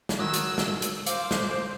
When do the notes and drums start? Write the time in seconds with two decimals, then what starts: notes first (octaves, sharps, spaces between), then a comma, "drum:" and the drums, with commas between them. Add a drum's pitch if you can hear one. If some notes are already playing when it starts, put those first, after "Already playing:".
0.09 drum: snare
0.19 D#3 F#3 E6
0.34 drum: hi-hat
0.58 drum: snare
0.82 drum: hi-hat
1.06 C5 F5 D6, drum: hi-hat
1.31 drum: snare